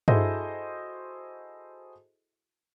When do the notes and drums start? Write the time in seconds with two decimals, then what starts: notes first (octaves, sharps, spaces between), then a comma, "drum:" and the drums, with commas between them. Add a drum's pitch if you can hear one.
0.08 E4 F#4 G#4 A4 C5 D#5, drum: tom G2